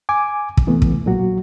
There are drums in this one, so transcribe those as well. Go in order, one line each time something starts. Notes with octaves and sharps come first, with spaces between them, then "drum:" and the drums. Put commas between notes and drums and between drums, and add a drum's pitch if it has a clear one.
G#5 D6
drum: kick
E3 A3 B3
drum: kick
A#2 F#3 F#4